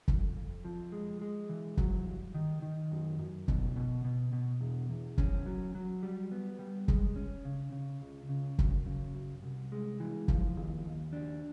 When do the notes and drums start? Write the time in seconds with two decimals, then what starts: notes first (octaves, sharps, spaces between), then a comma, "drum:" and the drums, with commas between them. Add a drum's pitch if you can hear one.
0.08 F2, drum: kick
0.37 F2
0.65 F3
0.92 G#3
1.21 G#3
1.49 E3
1.77 F#3, drum: kick
2.07 G2
2.34 D#3
2.62 D#3
2.91 F#2
3.19 F#2
3.48 B2, drum: kick
3.76 B2
4.04 B2
4.33 B2
4.61 E2
4.89 E2
5.18 C#4, drum: kick
5.46 F#3
5.75 F#3
6.03 G3
6.32 B3
6.59 G3
6.88 G#3, drum: kick
7.16 C#4
7.45 C#3
7.72 C#3
8.02 C#2
8.29 C#3
8.59 F#2, drum: kick
8.86 C#3
9.15 F#2
9.43 C2
9.72 G#3
10.00 E3
10.28 F3, drum: kick
10.57 D#2
10.85 D#2
11.13 D4